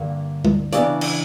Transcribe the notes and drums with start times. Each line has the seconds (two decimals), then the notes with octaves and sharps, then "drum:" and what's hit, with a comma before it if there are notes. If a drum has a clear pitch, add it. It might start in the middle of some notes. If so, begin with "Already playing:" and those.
Already playing: G2 D3 A#3
0.45 drum: tom
0.73 C#3 E3 B3 D4 D5, drum: hi-hat
1.01 drum: cymbal